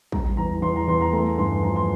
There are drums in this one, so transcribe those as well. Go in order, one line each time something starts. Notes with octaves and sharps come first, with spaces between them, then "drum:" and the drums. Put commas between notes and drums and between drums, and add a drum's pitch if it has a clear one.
G3 A#5, drum: kick
E2 A#5
E2 C6
A#5
E2 C6
A#5
A3 A#5
G2 C6
F3 A#5
C6